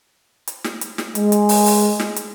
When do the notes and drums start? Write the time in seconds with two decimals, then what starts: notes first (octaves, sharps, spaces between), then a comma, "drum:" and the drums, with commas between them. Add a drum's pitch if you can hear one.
0.48 drum: hi-hat
0.64 drum: snare
0.81 drum: hi-hat
0.98 drum: snare
1.15 G#3, drum: hi-hat
1.32 drum: hi-hat
1.49 drum: open hi-hat
1.66 drum: open hi-hat
2.00 drum: snare
2.16 drum: hi-hat